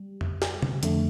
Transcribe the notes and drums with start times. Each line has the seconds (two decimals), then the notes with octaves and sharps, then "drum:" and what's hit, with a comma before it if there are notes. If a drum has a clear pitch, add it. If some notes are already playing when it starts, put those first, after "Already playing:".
Already playing: G3
0.21 drum: tom F2
0.42 drum: snare
0.62 drum: tom
0.83 F2 D3 A3, drum: hi-hat